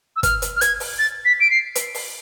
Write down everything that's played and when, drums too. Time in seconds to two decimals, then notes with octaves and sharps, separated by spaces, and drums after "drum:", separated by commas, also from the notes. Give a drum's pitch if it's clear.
0.16 E6
0.23 F6, drum: kick, hi-hat
0.42 drum: hi-hat
0.56 F6
0.61 G#6, drum: hi-hat
0.80 drum: open hi-hat
0.99 A6
1.25 B6
1.40 D7
1.51 C7
1.75 drum: hi-hat
1.95 drum: open hi-hat